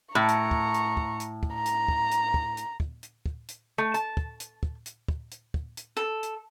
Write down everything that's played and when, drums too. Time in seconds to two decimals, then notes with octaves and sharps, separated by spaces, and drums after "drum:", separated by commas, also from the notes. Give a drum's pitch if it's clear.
0.15 A2 A#5 C#6
0.28 drum: hi-hat
0.51 drum: kick
0.74 drum: hi-hat
0.97 drum: kick
1.20 drum: hi-hat
1.43 drum: kick
1.55 A#5
1.66 drum: hi-hat
1.88 drum: kick
2.11 drum: hi-hat
2.34 drum: kick
2.57 drum: hi-hat
2.80 drum: kick
3.03 drum: hi-hat
3.26 drum: kick
3.48 drum: hi-hat
3.78 A3
3.94 A5, drum: hi-hat
4.17 drum: kick
4.40 drum: hi-hat
4.63 drum: kick
4.86 drum: hi-hat
5.08 drum: kick
5.31 drum: hi-hat
5.54 drum: kick
5.77 drum: hi-hat
5.97 A4
6.23 drum: hi-hat